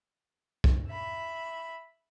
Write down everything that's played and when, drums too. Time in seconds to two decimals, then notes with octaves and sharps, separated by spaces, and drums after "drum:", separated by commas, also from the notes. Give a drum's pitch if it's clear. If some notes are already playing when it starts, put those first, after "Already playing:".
0.64 drum: kick
0.87 E5 B5